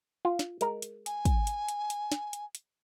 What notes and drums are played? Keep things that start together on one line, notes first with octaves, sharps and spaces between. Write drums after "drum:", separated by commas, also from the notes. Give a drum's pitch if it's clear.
F4
drum: snare
G#3 A#4, drum: hi-hat
drum: hi-hat
G#5, drum: hi-hat
drum: kick, hi-hat
drum: hi-hat
drum: hi-hat
drum: hi-hat
drum: snare
drum: hi-hat
drum: hi-hat